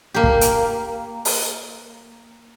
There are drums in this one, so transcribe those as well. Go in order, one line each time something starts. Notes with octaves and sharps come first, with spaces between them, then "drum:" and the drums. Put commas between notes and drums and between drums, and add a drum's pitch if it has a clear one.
A#3 G4
drum: kick
drum: hi-hat
drum: open hi-hat